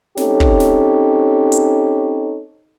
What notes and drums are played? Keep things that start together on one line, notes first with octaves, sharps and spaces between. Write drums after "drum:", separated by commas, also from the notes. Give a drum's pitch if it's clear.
C4 C#4 D#4 G4 A4 C#5, drum: snare
drum: kick
drum: snare
drum: hi-hat